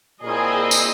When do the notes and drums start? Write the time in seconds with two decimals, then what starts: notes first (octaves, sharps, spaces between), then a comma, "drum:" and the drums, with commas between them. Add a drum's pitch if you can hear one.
0.24 A#2 C4 E4 G#4 A#4 D#5
0.71 drum: tambourine